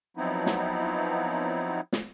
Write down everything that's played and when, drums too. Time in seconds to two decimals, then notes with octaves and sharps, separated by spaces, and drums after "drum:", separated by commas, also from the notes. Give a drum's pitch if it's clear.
0.17 F3 F#3 B3 C4 D#4 E4
0.46 drum: snare
1.93 drum: snare